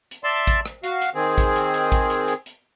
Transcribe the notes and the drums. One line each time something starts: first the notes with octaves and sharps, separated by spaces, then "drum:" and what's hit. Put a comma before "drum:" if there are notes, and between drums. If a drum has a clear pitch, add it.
drum: hi-hat
D5 E5 A5 C6
drum: kick A1, hi-hat
drum: rim click
F#4 F5, drum: hi-hat
drum: hi-hat
D#3 C4 G#4
drum: kick A1, hi-hat
drum: hi-hat
drum: hi-hat
drum: kick A1, hi-hat
drum: hi-hat
drum: hi-hat
drum: hi-hat